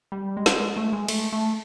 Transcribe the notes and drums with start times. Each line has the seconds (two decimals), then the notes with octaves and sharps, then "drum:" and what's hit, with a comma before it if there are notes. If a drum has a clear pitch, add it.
0.12 G3
0.37 G#3
0.46 drum: snare
0.60 G#3
0.77 A3
0.93 G#3
1.08 A3, drum: cymbal
1.33 A3